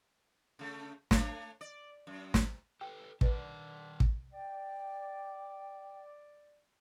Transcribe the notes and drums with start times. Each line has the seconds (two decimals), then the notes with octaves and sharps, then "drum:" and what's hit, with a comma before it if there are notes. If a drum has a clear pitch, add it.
0.59 C#3 A3
1.11 A3 D4 C#5, drum: snare
1.61 D5
2.07 F#2
2.34 drum: snare
2.81 G4 A4 B4 G5
3.21 D#3 D4 A#4 B4 D5 F#5, drum: kick
4.00 drum: kick
4.33 D5 G5